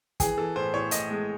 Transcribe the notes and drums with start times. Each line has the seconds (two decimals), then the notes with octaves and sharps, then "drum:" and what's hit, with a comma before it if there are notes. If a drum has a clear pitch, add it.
0.20 E3 G#4, drum: kick, hi-hat
0.37 E3 A4
0.56 A2 C5
0.74 A2 C#5
0.91 A2 D#5, drum: hi-hat
1.10 G#3